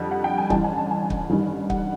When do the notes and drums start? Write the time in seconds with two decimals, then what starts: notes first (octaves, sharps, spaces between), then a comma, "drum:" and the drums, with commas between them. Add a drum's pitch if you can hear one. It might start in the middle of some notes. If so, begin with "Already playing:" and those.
Already playing: F2 D3 G3
0.11 F#5
0.24 G5
0.38 G#5
0.50 A1 G2 E3 A5, drum: kick
0.64 G#5
0.77 A5
0.91 G#5
1.10 drum: kick
1.30 A1 G2 D#3 G3
1.70 F#5, drum: kick